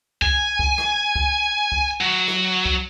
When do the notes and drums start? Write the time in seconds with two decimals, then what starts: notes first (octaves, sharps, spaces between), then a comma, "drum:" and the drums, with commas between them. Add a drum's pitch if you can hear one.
0.22 G#5, drum: kick C2
0.59 drum: kick C2
0.78 drum: rim click
1.16 drum: kick C2
1.72 drum: kick C2
2.01 F#3
2.28 drum: rim click
2.66 drum: kick C2